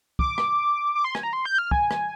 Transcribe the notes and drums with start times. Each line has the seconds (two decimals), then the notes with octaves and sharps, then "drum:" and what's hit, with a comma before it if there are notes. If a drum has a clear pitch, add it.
0.19 D6, drum: kick
0.38 drum: rim click
0.95 D6
1.04 C6
1.15 G#5, drum: rim click
1.23 A#5
1.33 C6
1.45 G6
1.58 F6
1.71 G#5, drum: kick
1.91 drum: rim click